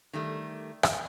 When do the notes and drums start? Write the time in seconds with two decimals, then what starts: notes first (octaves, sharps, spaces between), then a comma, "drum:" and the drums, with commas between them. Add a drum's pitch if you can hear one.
0.13 D#3 G3 A3
0.83 drum: rim click